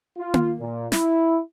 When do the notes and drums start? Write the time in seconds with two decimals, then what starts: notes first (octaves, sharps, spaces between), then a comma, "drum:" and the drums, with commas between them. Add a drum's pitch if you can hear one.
0.17 F4
0.34 drum: tom A#3
0.60 A#2
0.92 E4, drum: snare